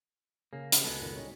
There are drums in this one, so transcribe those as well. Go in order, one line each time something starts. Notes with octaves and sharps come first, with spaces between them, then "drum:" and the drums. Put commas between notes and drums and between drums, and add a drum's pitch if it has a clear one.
C#3 A#3 G#4
drum: hi-hat
C#2 G#3 B3 F#4 A4
F#2 A#2 D#3
G3 C#4 D#4